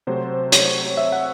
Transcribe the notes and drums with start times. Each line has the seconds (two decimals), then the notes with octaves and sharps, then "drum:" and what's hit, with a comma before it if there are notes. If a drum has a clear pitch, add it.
0.07 C3 F#3 A3 C5
0.52 C#5, drum: hi-hat
0.97 E5
1.12 F#5